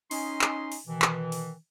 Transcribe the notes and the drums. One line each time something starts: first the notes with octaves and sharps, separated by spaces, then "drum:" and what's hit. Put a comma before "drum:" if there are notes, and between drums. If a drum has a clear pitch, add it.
C#4 D#4 D#5 G#5 C6, drum: open hi-hat
drum: clap
drum: open hi-hat
B2 D#3 E3
drum: clap
drum: open hi-hat